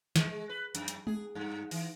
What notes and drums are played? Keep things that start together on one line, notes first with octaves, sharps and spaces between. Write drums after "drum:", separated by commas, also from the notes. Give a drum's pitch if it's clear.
G#3, drum: snare
B4
F#2, drum: hi-hat
drum: hi-hat
G#4, drum: tom G#3
G2
E3, drum: open hi-hat